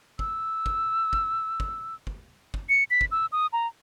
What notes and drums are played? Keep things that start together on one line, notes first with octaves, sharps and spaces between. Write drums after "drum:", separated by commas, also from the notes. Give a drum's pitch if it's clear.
E6, drum: kick
drum: kick
drum: kick
drum: kick
drum: kick
drum: kick
C#7
B6
drum: kick
E6
D#6
A#5